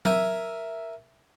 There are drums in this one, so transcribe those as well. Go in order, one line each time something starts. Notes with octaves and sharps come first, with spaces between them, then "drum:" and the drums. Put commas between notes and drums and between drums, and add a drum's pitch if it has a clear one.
A#4 E5 G#5, drum: tom F#3